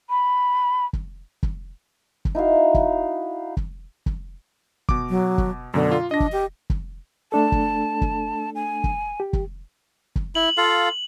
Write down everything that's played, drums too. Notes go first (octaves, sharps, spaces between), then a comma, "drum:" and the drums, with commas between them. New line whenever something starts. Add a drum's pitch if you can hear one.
B5
drum: kick
drum: kick
drum: kick
D#4 E4 F#4 F5
drum: kick
drum: kick
drum: kick
B2 D6, drum: kick
F#3
drum: kick
F#2 B2 D3
F4
D4 D#5 A#6
drum: kick
G4
drum: kick
A3 D4 A4 A5
drum: kick
drum: kick
G#5
drum: kick
G4
drum: kick
drum: kick
E4 F#7
F4 A4 F5